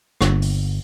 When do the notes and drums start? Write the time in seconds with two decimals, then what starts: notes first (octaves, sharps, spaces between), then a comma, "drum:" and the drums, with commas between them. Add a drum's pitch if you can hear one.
0.21 G1, drum: rim click
0.42 drum: open hi-hat